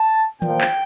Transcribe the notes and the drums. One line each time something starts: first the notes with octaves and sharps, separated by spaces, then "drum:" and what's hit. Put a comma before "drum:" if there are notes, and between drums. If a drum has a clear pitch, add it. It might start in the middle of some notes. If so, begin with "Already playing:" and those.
Already playing: A5
A#2 F3 A#3 G5, drum: tom D#3
drum: clap